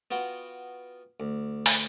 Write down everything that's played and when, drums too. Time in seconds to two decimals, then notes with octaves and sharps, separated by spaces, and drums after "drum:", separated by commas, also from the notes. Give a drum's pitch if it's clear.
0.11 B3 F4 F#4 G5
1.20 D2
1.66 drum: open hi-hat